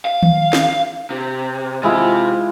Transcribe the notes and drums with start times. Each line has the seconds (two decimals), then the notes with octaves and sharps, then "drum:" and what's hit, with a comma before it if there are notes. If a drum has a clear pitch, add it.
0.05 F5
0.23 drum: tom D#3
0.53 drum: snare
1.10 C3
1.83 C3 G#3 E4 F4